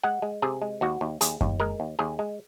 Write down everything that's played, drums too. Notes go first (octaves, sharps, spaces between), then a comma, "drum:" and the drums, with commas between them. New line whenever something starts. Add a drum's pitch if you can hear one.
G#3 F#5
G#3
C3 G#4
G#3
D#2 F#4
D#2
D#2 G#4, drum: hi-hat
D#2, drum: kick F#2
G#3 A#4
D#2
D#2 G#4
G#3